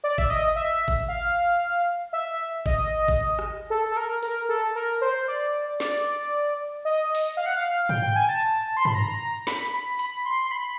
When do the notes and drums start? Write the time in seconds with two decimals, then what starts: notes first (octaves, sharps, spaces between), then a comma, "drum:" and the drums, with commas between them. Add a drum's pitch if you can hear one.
0.04 D5
0.18 E5, drum: kick G#1
0.30 D#5
0.56 E5
0.88 drum: kick G#1
1.08 F5
2.13 E5
2.66 D#5, drum: kick G#1
3.08 drum: kick G#1
3.39 drum: rim click
3.70 A4
3.91 A4
3.97 A#4
4.23 A#4, drum: hi-hat
4.49 A4
4.75 A#4
5.01 C5
5.28 D5
5.80 D5, drum: snare
6.85 D#5
7.15 drum: open hi-hat
7.37 F5
7.46 F#5
7.56 F5
7.89 G5, drum: tom G#2
8.03 G5
8.16 G#5
8.28 A5
8.77 C6
8.85 B5, drum: tom G2
8.95 A#5
9.47 B5, drum: snare
9.73 B5
9.99 B5, drum: hi-hat
10.25 C6
10.45 C6
10.51 B5